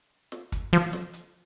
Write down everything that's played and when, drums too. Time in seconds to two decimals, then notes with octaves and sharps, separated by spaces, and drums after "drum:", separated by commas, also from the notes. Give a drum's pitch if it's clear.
0.32 drum: snare
0.52 drum: kick, hi-hat
0.73 F3, drum: open hi-hat
0.93 drum: snare
1.13 drum: hi-hat